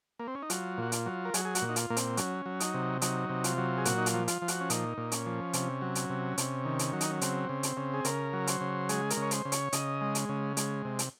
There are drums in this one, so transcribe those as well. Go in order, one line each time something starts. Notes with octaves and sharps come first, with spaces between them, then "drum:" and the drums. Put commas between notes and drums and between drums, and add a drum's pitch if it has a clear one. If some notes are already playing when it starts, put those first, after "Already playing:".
A#3
C4
C#4
D#4
F#3 F4, drum: hi-hat
A#2 F#4
F4, drum: hi-hat
F#3
A#4
F#3 G#4, drum: hi-hat
G#4
F#4, drum: hi-hat
A#2
D#4
F4, drum: hi-hat
A#2 A#3
C4, drum: hi-hat
F#3 C#4, drum: hi-hat
F#3
D#4, drum: hi-hat
C3
F#3 D#4, drum: hi-hat
C3
F4, drum: hi-hat
F#3
G#4
A#2 F#4, drum: hi-hat
D#4
F4, drum: hi-hat
F3
F4, drum: hi-hat
F3
F#4, drum: hi-hat
C#4
A#2 D#4, drum: hi-hat
A#2
C#4, drum: hi-hat
F3
C3, drum: hi-hat
F#3
drum: hi-hat
C3
C3, drum: hi-hat
D#3
drum: hi-hat
F#3
D#4, drum: hi-hat
C#4
C#3 C4, drum: hi-hat
C#3
drum: hi-hat
C#3
G#4
C#3 A#4, drum: hi-hat
F#3
C5, drum: hi-hat
C#3
G#3 G#4, drum: hi-hat
A#4, drum: hi-hat
C#3
C#5
C5, drum: hi-hat
C#3
C#5, drum: hi-hat
C#3 D#5, drum: hi-hat
G#3
drum: hi-hat
C#3
G#3, drum: hi-hat
C3
drum: hi-hat